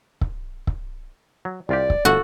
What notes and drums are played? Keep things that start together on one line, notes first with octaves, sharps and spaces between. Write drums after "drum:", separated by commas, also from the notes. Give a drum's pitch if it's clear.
drum: kick C#1
drum: kick C#1
F#3
C2 F4 G4 D5
drum: kick C#1
G1 A3 F#4 A4